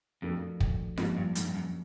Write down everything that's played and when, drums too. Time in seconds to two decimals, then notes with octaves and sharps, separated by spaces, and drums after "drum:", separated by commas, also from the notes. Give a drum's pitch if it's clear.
0.22 F2 F3 A3 D4 F#4 A#4
0.60 drum: kick
0.97 G#2 F3 A#3 D4 G4, drum: snare F4
1.17 G2
1.35 G#2, drum: hi-hat
1.45 G2
1.55 F#2